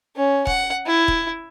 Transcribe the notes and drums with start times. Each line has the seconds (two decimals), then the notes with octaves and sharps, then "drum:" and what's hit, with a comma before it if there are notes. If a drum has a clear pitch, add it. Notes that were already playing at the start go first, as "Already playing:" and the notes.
0.16 C#4
0.47 F#5, drum: kick
0.86 E4
1.08 drum: kick